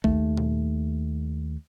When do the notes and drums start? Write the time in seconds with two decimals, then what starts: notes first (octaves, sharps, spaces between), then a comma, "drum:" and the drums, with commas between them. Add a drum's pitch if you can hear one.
0.04 D#2 A3, drum: kick
0.37 drum: tom A#2